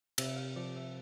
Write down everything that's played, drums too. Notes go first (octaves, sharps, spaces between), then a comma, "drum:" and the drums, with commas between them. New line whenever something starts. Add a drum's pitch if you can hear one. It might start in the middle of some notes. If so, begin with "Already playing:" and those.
C3 E5, drum: cymbal
F5
F3 D5
E5